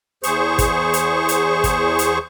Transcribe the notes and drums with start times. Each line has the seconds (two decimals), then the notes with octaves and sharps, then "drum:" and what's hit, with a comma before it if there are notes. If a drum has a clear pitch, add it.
0.23 E2 G#4 C5 C#6, drum: hi-hat
0.58 drum: kick, hi-hat
0.94 drum: hi-hat
1.29 drum: hi-hat
1.64 drum: kick, hi-hat
1.99 drum: hi-hat